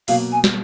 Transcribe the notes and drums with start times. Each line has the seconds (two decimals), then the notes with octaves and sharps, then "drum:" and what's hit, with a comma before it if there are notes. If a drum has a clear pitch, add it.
0.08 B2 F#3 A#3 F5, drum: open hi-hat
0.32 G#5
0.44 drum: snare